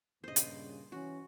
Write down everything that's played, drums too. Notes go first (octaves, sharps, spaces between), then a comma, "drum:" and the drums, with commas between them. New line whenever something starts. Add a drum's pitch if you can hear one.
G2 A#2 C#3 C5 D#5
drum: hi-hat
E3 C#4 F#4